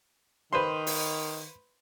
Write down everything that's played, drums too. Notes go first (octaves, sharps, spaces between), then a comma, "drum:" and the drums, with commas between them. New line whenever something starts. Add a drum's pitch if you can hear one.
D#3 B4 C5 C6
drum: open hi-hat